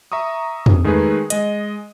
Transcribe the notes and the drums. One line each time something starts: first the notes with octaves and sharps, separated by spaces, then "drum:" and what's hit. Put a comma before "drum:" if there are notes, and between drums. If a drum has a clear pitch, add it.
E5 A#5 C#6 D#6
drum: tom
D#3 G#3 A3 D#4 G#4 B4
G#3 D#5, drum: hi-hat